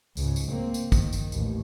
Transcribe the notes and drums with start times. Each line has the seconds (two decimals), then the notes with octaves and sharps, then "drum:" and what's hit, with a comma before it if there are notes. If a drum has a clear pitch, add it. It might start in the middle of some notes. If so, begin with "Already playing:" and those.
0.17 C#2 G#2, drum: tambourine
0.36 drum: tambourine
0.52 A#3 C4
0.74 drum: tambourine
0.92 D#3, drum: kick, tambourine
1.12 drum: tambourine
1.32 A1 D#2, drum: tambourine